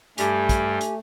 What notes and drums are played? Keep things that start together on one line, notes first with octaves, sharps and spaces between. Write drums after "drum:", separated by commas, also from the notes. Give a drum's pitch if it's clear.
G2 G3 A3 G4 G#5, drum: hi-hat
drum: kick, hi-hat
drum: hi-hat